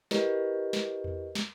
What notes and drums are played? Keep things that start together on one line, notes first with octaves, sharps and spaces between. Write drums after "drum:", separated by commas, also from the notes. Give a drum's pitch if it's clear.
E4 G4 A#4 B4 C#5 D#5, drum: snare
drum: snare
drum: tom E2
drum: snare